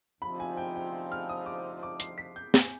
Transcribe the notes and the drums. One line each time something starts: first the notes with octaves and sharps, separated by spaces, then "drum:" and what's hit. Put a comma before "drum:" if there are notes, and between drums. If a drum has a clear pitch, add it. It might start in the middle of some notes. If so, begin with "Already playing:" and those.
D2 C3 F3 C4 D#4 B5
G#5
G5
G5
F6
D#6
D6
D6
C7, drum: hi-hat
B6
G6
G#5, drum: snare